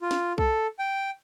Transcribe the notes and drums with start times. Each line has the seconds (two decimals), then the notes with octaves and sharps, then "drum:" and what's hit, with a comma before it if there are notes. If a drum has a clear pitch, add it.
0.01 F4
0.11 drum: snare
0.38 A4, drum: kick B1
0.79 G5